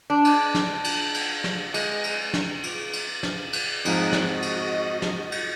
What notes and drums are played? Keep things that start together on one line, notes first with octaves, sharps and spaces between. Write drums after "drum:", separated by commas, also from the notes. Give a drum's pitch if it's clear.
D4
drum: cymbal
drum: snare
drum: cymbal
drum: cymbal
drum: snare
G#3, drum: cymbal
drum: cymbal
drum: snare
drum: cymbal
drum: cymbal
drum: snare
drum: cymbal
F2 G#2 F3 D#4 F#6, drum: cymbal
drum: snare
F#4 D#5
drum: cymbal
drum: snare
drum: cymbal